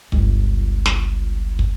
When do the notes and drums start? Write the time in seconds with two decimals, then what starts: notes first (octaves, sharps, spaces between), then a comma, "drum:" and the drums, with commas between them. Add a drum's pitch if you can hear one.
0.12 G1 C#2, drum: kick
0.86 drum: snare
1.59 drum: kick